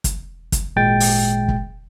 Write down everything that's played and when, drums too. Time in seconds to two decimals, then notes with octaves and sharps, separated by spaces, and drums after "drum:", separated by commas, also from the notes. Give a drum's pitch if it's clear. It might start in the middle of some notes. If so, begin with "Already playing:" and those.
0.04 drum: kick, hi-hat
0.52 drum: kick, hi-hat
0.76 G#1 A#2 G#3 G5 A6
1.00 drum: open hi-hat
1.48 drum: kick